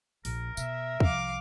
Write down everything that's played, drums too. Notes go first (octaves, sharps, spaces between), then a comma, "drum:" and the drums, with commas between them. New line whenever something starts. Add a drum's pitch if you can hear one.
A#1 A#4, drum: open hi-hat
B2 E5, drum: tambourine
C2 F3 F5 D6, drum: kick